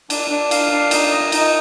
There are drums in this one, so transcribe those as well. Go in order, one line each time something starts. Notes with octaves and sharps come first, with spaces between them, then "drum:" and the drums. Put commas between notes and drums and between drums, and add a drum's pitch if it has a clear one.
D4, drum: cymbal
D4
F5, drum: cymbal
D4
D#4, drum: cymbal
D#5
D#4, drum: cymbal